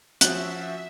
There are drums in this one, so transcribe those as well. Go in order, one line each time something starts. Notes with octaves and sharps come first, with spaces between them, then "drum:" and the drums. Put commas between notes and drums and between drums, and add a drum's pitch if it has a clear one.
F3 C#4 F#4 E5 F#6, drum: hi-hat